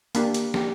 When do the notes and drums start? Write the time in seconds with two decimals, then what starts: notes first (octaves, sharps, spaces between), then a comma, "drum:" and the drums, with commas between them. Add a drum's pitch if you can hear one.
0.15 A#3 D4 G4, drum: hi-hat
0.34 drum: hi-hat
0.54 A#3 D4 G4, drum: snare